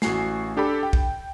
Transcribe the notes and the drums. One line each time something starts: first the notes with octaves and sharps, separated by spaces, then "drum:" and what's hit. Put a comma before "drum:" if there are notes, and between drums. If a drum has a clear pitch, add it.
A1 F#4 G#5 C7, drum: snare
D4 G4 A4 B5
G5
drum: kick